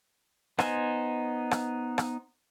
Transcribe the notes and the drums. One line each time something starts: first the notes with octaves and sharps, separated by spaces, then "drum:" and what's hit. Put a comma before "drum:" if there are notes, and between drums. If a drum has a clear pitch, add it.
B3 D#4 C5 D#5 G#5, drum: rim click
drum: rim click
drum: rim click